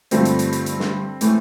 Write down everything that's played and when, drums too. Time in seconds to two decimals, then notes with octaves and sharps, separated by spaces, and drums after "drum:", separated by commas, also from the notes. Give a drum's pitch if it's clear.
0.11 G2 D3 F3 A3 C4, drum: hi-hat
0.25 drum: hi-hat
0.39 drum: hi-hat
0.53 drum: hi-hat
0.66 drum: hi-hat
0.80 drum: snare
1.21 A2 E3 A3, drum: hi-hat